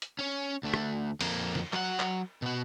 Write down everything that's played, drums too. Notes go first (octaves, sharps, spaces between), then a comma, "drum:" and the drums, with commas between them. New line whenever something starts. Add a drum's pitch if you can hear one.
drum: hi-hat
C#4 C#5
D2 A3
drum: rim click
F2 A#3, drum: cymbal
drum: snare
F#3 F#5, drum: clap
drum: clap
B2 F#4